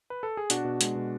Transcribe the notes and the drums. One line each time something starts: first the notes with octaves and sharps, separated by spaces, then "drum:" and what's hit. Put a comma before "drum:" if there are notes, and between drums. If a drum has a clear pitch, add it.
B4
A4
G#4
B2 D4 F#4, drum: hi-hat
B2
G#3, drum: hi-hat
B2